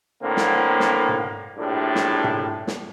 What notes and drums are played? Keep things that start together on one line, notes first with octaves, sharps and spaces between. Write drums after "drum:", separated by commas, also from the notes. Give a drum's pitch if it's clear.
A2 D3 A#3 C4
drum: snare
drum: snare
drum: tom G#2
A#1 A2 G3 D4
drum: snare
drum: tom G#2
drum: snare